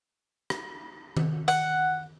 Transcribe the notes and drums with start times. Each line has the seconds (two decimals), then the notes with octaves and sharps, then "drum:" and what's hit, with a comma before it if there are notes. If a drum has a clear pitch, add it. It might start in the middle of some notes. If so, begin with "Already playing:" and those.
0.50 drum: rim click
1.17 drum: tom D#3
1.48 F#5, drum: hi-hat